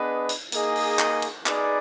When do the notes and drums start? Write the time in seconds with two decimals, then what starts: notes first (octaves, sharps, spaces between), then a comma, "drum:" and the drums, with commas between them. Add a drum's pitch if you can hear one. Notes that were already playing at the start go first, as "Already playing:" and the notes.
Already playing: B3 D4 G#4 B4 D#5
0.29 drum: hi-hat
0.52 A#3 D#4 G#4 D#5, drum: hi-hat
0.76 drum: open hi-hat
0.99 drum: clap
1.22 drum: hi-hat
1.46 D#4 G#4 B4 D5, drum: clap